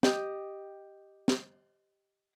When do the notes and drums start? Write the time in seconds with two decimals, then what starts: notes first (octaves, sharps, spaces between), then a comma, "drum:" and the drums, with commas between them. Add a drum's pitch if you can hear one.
0.03 G4 D#5, drum: snare
1.28 drum: snare